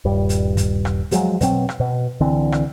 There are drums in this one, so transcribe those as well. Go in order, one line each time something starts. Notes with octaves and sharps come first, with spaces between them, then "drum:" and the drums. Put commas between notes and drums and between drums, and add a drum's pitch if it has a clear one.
D#1 G2 G3
drum: hi-hat
drum: kick, hi-hat
drum: rim click
F3 F#3 G#3, drum: hi-hat
B2 F#3 C4, drum: kick, hi-hat
drum: rim click
B2
C2 D3 E3 C4
drum: rim click